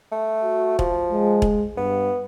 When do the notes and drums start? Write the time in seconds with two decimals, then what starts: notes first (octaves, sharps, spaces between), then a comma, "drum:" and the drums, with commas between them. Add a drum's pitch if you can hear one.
0.12 A3
0.44 F#4
0.79 F3, drum: kick E1
1.11 G#3
1.42 drum: kick E1
1.77 G2 B3